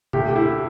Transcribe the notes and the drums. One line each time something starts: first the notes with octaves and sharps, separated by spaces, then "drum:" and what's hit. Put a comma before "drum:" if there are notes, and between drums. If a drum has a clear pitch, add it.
D2 G4, drum: tom B2
G4
E4